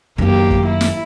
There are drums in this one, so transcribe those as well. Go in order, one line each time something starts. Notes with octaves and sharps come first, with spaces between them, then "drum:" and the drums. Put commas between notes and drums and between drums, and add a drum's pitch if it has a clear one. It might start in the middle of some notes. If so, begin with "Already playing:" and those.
F#2 D#3 A#3 G4
drum: kick
E4
drum: snare